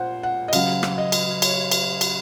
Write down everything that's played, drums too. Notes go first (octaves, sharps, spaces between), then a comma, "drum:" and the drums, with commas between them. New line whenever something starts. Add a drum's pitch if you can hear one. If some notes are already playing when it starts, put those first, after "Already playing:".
Already playing: A#2 C5 F#5
F#5
D#5
C#3 F#3 F5, drum: cymbal
drum: rim click
D#5
drum: cymbal
C#5, drum: cymbal
drum: cymbal
drum: cymbal